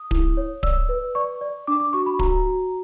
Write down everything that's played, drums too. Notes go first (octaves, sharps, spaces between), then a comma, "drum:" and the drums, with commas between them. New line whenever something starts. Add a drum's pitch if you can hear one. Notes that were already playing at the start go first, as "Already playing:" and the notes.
Already playing: D#6
E4, drum: kick D1
C#5
D5 E6, drum: kick D1
B4
D5 C#6
D5
D4 D6
D6
F#4 C#6
B5
F#4 A#5, drum: kick D1
F#4